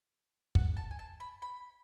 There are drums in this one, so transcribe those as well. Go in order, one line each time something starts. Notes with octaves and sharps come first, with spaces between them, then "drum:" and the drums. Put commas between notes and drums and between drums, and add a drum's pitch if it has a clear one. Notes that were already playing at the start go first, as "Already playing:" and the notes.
F#5, drum: kick
A5
G#5
A5
B5
B5